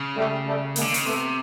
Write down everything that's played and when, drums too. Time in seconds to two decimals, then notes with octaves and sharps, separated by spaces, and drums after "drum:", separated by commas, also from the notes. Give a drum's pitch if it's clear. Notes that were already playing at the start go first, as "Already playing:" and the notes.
Already playing: C#3
0.16 G3 A3
0.46 G3 A3
0.76 G#3 A#3, drum: open hi-hat
0.81 D3
0.94 C#3, drum: open hi-hat
1.05 C3 A3 B3